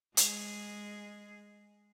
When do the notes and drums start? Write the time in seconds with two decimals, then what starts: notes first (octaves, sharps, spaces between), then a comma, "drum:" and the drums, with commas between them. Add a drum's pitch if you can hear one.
0.17 G#3 G#4, drum: hi-hat